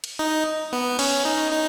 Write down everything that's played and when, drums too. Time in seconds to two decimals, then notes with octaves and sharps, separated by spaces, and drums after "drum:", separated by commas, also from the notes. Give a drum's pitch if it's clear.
0.04 drum: cymbal
0.19 D#4
0.73 B3
0.99 C#4, drum: cymbal
1.25 D#4
1.52 D#4